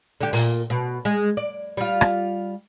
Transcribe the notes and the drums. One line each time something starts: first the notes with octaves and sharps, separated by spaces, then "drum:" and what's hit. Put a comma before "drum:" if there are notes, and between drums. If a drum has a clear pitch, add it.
D3 G4
A#2, drum: open hi-hat
B2
G#3
D5
G3 F4
drum: rim click